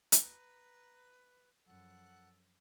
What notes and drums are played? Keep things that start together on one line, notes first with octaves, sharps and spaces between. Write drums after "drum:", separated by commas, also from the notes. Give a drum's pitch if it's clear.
B4 A#5, drum: hi-hat
F#2 F3 A4 F#5